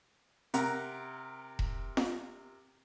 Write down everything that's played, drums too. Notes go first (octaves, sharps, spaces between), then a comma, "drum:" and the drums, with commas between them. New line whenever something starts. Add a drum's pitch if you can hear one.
C3 A#4 F#5 A#5, drum: hi-hat
drum: kick E1
drum: snare F4